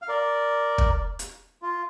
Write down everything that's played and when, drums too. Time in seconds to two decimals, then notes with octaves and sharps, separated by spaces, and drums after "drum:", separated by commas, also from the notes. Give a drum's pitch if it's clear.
0.02 F5
0.08 A#4 D5
0.78 drum: kick
1.19 drum: hi-hat
1.62 F4